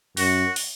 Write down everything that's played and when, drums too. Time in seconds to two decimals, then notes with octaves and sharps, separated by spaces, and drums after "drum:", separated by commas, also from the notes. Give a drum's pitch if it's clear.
0.17 F#2 F#4, drum: open hi-hat
0.56 drum: open hi-hat